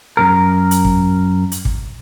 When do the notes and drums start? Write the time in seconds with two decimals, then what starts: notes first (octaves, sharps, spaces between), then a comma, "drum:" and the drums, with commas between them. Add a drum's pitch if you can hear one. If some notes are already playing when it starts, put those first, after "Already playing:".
0.17 F#2 A#2 A#4
0.71 drum: hi-hat
0.84 drum: kick
1.52 drum: hi-hat
1.65 drum: kick